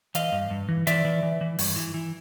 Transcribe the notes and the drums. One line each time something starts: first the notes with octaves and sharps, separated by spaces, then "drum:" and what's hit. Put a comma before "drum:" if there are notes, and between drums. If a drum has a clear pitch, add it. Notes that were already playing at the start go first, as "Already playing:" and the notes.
E3 D#5 F5, drum: hi-hat
G2
G2
E3
E3 D5 E5, drum: hi-hat
E3
E3
E3
G2, drum: open hi-hat
E3
E3